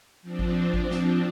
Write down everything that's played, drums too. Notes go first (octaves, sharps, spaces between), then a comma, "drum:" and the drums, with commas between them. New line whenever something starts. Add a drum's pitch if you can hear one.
F3 C4 D4
drum: kick G#1
drum: kick G#1
drum: snare